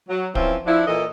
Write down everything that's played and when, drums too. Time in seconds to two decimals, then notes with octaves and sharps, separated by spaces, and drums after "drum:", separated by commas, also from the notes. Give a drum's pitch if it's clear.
0.09 F#3
0.35 E3 F3 C4 C#4 E4 F4, drum: kick
0.67 F3 D4 E4
0.87 A#2 E3 A4 D#5